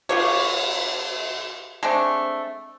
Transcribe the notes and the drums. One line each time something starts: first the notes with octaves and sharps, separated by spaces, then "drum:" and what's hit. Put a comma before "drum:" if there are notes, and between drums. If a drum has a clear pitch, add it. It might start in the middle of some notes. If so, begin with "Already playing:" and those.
F4 G4 C#5, drum: cymbal
G#3 A3 C4 D4